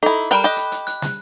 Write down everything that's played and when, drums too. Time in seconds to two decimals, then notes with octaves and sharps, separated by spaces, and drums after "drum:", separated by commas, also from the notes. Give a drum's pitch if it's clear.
0.03 D#4 E4 A4
0.31 G3 A#4 G5 B5 F#6
0.44 G4 D#5
0.56 drum: hi-hat
0.71 drum: hi-hat
0.87 F#6, drum: hi-hat
1.02 drum: snare